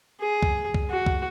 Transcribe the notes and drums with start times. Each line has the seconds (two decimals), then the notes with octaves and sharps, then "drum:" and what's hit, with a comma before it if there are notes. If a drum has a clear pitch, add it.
0.20 G#4
0.43 drum: kick
0.74 drum: kick
0.90 F#4
1.06 drum: kick